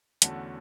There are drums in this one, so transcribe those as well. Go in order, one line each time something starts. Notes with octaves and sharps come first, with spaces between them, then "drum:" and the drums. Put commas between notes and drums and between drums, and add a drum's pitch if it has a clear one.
E2 D3 A3 C#4 F#4, drum: hi-hat